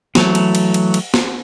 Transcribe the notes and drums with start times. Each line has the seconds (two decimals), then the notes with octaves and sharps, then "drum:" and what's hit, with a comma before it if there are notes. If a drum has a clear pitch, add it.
0.15 E3 F#3 A3, drum: snare
0.35 drum: cymbal
0.55 drum: cymbal
0.74 drum: cymbal
0.94 drum: cymbal
1.14 drum: snare